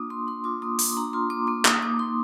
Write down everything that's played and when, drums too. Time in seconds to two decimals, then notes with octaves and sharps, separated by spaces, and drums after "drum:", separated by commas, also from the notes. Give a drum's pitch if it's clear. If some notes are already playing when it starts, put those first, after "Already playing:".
Already playing: A#3 D4 F4 D6 D#6
0.10 A#3 C6
0.27 D4 C6
0.44 F4 D6
0.62 A#3 D#6
0.79 A#3 D6, drum: open hi-hat
0.97 D4 A#5
1.13 F4 C6
1.30 A#3 D6
1.47 A#3 D6
1.65 D#4 D#6, drum: clap
1.82 A#3 D6
1.99 D#4 C6